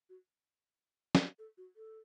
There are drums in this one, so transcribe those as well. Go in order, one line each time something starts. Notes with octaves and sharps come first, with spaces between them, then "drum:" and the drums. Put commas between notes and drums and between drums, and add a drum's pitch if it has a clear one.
F#4
drum: snare
A4
F#4
A4